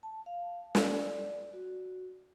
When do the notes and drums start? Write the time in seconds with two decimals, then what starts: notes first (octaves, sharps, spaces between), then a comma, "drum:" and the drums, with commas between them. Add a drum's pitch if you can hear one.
0.03 A5
0.26 F5
0.75 D5, drum: snare
1.53 F#4